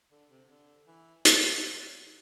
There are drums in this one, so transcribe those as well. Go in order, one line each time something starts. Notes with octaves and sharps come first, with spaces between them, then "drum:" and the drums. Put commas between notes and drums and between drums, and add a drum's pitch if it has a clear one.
D3
C3
D3
E3
F#3, drum: hi-hat